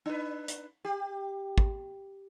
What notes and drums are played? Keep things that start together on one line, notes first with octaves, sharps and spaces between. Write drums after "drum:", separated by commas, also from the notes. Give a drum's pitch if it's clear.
D4 B4
drum: hi-hat
G4
drum: kick